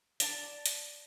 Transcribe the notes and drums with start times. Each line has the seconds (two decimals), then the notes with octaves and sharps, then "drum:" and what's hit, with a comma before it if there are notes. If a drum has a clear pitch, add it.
0.20 D5 A5, drum: hi-hat
0.66 drum: hi-hat